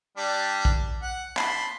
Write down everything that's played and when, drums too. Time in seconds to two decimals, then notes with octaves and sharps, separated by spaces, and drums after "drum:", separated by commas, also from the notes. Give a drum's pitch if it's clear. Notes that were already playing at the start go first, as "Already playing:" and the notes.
0.17 G3 D4
0.65 drum: kick A#1
1.02 F#5
1.37 A5 B5 C6, drum: clap